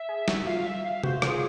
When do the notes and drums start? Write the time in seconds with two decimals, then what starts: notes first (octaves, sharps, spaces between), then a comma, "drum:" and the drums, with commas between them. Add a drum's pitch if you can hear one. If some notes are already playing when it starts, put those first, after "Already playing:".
Already playing: E5
0.09 G#4
0.28 F#4, drum: snare
0.47 F4 F5
0.66 E5
0.85 F5
1.04 F#4 C5, drum: tom C3
1.22 F4 G#4, drum: rim click